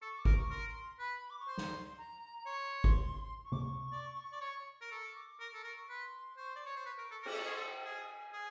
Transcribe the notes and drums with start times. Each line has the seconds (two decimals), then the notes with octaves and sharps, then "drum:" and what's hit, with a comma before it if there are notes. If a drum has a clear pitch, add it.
0.01 A4 C#6
0.18 D6
0.25 A#4, drum: kick
0.35 C#6
0.50 A#4 C6
0.99 B4 B5
1.30 D6
1.39 C#6
1.48 C5 C6
1.57 drum: snare
1.97 A#5
2.46 C#5 C6
2.84 drum: kick
3.44 C#6
3.52 D6, drum: tom C3
3.59 C#6
3.92 D5
4.32 D5
4.41 C#5
4.81 A#4
4.90 A4 C#6
5.15 D6
5.39 A#4 C#6
5.54 A4
5.64 A#4
5.89 B4 C6
6.37 C5 C#6
6.49 C6
6.56 D5 C#6
6.66 C#5
6.76 C5
6.86 B4
6.98 A#4
7.11 A4
7.23 A#4
7.25 D6, drum: cymbal
7.35 A4 C#6
7.46 G#4
7.51 A4 C6
7.68 G5
7.84 G#4 G#5
8.33 G#4